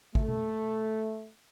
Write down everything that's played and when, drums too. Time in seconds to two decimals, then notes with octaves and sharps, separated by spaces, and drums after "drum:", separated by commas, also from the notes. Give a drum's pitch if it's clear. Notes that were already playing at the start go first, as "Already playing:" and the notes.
0.15 A3, drum: kick
0.28 drum: tom B2